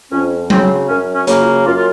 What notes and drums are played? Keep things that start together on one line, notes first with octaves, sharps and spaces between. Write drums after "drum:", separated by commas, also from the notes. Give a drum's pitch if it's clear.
F2 C#4
C#3 F#3 C4, drum: tom F#3
F#2 C#4
C#4
C#3 F#3 A#3, drum: hi-hat
F4
F#2 F4
F4